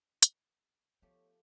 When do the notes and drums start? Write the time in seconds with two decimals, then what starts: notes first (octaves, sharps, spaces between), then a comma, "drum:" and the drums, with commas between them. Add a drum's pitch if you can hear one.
0.23 drum: hi-hat
1.02 F3 A3 B3 G4 C#5